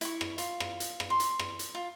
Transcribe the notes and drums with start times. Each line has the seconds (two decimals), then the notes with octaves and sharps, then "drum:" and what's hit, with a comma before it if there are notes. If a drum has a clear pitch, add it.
0.01 E4 C#6, drum: hi-hat
0.21 drum: rim click
0.38 F4, drum: hi-hat
0.60 drum: rim click
0.80 drum: hi-hat
1.00 drum: rim click
1.10 C6
1.20 drum: hi-hat
1.39 drum: rim click
1.59 drum: hi-hat
1.75 F4